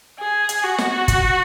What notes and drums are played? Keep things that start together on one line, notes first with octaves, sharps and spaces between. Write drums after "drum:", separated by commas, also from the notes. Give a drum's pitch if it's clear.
G#4
drum: hi-hat
F#4
drum: snare
drum: kick, hi-hat